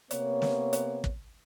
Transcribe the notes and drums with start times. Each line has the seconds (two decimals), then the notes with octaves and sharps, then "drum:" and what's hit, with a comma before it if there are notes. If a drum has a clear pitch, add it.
0.11 C3 A#3 B3 C#5, drum: hi-hat
0.42 drum: snare
0.73 drum: hi-hat
1.04 drum: kick